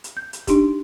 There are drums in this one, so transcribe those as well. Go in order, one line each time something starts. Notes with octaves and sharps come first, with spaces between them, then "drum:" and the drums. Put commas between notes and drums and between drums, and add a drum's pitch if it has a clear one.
drum: hi-hat
G6
drum: hi-hat
D4 D#4 G4, drum: kick, hi-hat